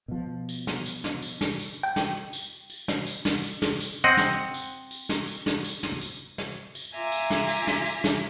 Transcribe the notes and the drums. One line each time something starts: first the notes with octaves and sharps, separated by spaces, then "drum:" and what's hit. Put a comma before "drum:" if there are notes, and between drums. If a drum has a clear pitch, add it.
B2 F3
drum: tambourine
drum: snare
drum: tambourine
drum: snare
drum: tambourine
drum: snare
drum: tambourine
G5
drum: snare
drum: tambourine
drum: tambourine
drum: snare
drum: tambourine
drum: snare
drum: tambourine
drum: snare
drum: tambourine
C4 D#5 F#5
drum: snare
drum: tambourine
drum: tambourine
drum: snare
drum: tambourine
drum: snare
drum: tambourine
drum: snare
drum: tambourine
drum: snare
drum: tambourine
F4 E5 G#5 A#5 D6
drum: tambourine
drum: snare
drum: tambourine
drum: snare
drum: tambourine
drum: snare